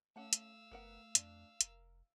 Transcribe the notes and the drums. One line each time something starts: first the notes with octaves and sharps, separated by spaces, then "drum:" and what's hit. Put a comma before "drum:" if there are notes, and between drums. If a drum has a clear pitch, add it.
A3 C#4 F5 F#5 A5 E6
drum: hi-hat
F#1 B3 A#4 F#5
F2 D4, drum: hi-hat
F1 A#4, drum: hi-hat